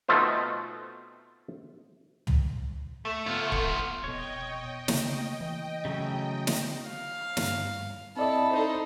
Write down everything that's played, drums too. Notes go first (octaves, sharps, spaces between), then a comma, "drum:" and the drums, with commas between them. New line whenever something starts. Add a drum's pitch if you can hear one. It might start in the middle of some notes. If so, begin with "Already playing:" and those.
B2 A3 C4 D#4 F4 C5
drum: tom
A3
B3 F4
drum: kick C#1
F1 B2 C#5 D#5 G5
C#3 A3 A#3, drum: snare
E3
C#3 F#3 A3
drum: snare
F5
G2, drum: snare
C4 E4 A4 D5 D#5
D#4 A4 C5